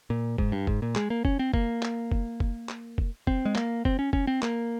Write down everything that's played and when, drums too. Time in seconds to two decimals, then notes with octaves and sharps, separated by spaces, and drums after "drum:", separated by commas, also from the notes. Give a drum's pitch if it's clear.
0.10 A#2
0.38 G#2, drum: kick
0.52 G2
0.67 G#2, drum: kick
0.82 A#2
0.96 G#3, drum: clap
1.10 A#3
1.25 C#4, drum: kick
1.39 C4
1.54 A#3, drum: kick
1.83 drum: clap
2.12 drum: kick
2.40 drum: kick
2.69 drum: clap
2.98 drum: kick
3.27 C4, drum: kick
3.45 G#3
3.56 A#3, drum: clap
3.85 C4, drum: kick
3.99 C#4
4.13 C#4, drum: kick
4.27 C4
4.43 A#3, drum: clap